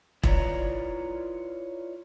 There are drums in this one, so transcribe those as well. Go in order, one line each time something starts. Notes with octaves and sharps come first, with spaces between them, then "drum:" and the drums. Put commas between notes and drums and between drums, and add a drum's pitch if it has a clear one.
E4 F4 B4 C#5 D5 A#5, drum: kick E1